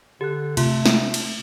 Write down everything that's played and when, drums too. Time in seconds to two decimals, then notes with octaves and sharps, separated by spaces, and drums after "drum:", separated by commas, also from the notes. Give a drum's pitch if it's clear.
0.21 D3 G4 F#6
0.57 C3 A3 F4 C6, drum: cymbal
0.86 drum: snare
1.14 drum: cymbal